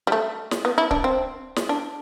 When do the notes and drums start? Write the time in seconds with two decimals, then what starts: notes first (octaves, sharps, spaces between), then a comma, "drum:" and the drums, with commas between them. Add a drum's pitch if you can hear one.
0.07 G3
0.12 A3
0.51 drum: snare
0.65 B3
0.78 E4
0.91 D4, drum: kick C#1
1.04 C4
1.56 drum: snare
1.69 D4